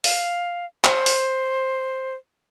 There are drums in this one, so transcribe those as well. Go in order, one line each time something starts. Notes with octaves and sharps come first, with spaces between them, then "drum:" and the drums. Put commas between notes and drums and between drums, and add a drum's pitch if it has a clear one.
F5, drum: open hi-hat
C5, drum: clap
drum: open hi-hat